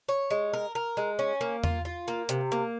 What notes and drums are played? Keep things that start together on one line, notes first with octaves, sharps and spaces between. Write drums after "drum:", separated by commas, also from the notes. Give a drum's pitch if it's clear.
C#5
G#3
A#4
A#4
G#3
C#4
A#3
F4, drum: tom E2
F4
A#3
C3, drum: hi-hat
A#3